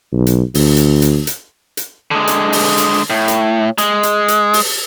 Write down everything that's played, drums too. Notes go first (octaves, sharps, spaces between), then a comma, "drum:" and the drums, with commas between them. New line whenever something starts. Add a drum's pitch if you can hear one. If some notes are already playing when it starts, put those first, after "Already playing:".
B1
drum: hi-hat
D2, drum: open hi-hat
drum: hi-hat
drum: hi-hat
drum: hi-hat
drum: hi-hat
D3 G#3
drum: hi-hat
drum: open hi-hat
drum: hi-hat
A2
drum: hi-hat
G#3, drum: hi-hat
drum: hi-hat
drum: hi-hat
drum: open hi-hat